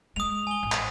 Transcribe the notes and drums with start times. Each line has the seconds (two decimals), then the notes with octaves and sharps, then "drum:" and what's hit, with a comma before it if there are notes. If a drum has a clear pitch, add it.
0.16 G#3 D#6 F7
0.47 G#5 G7
0.63 A1
0.72 drum: clap